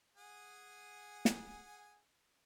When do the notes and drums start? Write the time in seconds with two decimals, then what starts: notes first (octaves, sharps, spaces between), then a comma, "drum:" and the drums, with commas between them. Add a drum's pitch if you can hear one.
0.17 G#4 F#5 G#5
1.25 drum: snare